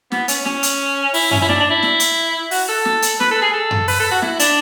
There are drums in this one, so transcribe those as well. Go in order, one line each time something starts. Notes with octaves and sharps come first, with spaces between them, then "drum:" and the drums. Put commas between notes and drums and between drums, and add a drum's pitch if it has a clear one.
B3, drum: snare
C#4, drum: hi-hat
C#4, drum: snare
drum: hi-hat
E4, drum: open hi-hat
C#4, drum: tom F#2
E4
D4, drum: snare
D4
E4
drum: snare
drum: hi-hat
F#4, drum: open hi-hat
A4
drum: snare
drum: hi-hat
B4, drum: snare
A4
G#4
A4
drum: tom F#2
B4, drum: open hi-hat
A4
F#4
E4, drum: snare
D4, drum: hi-hat